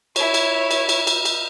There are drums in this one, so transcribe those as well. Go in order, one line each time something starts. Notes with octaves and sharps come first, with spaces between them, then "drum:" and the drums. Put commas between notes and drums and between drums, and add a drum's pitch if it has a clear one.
E4 C#5, drum: cymbal
drum: cymbal
drum: cymbal
drum: cymbal
drum: cymbal
drum: cymbal